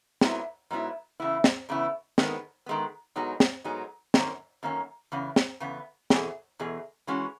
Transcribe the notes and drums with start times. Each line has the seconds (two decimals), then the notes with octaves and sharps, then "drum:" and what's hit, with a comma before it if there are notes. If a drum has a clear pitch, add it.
0.21 G#2 F#3 B3 E4, drum: snare
0.71 G#2 F#3 B3 E4
1.20 E2 C#3 B3 E4
1.44 drum: snare
1.69 E2 C#3 B3 E4
2.18 D#3 G#3 B3, drum: snare
2.66 D#3 G#3 B3
3.16 G#2 F#3 B3 D#4 G#4
3.40 drum: snare
3.64 G#2 F#3 B3 D#4 G#4
4.14 F#2 D#3 A#3 C#4, drum: snare
4.63 F#2 D#3 A#3 C#4
5.12 E2 C#3 B3
5.36 drum: snare
5.60 E2 C#3 B3
6.10 E2 B2 G#4, drum: snare
6.60 E2 B2 G#4
7.07 E3 G#3 C#4 F#4